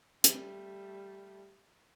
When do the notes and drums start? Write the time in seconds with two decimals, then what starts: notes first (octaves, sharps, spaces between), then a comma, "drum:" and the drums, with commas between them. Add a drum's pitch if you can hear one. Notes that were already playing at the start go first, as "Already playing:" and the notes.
0.24 G3 A3, drum: hi-hat